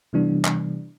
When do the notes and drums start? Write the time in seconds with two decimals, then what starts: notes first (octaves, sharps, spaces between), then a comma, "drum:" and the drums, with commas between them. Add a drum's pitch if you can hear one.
0.13 C3 E3 G3 B3 D4
0.45 drum: clap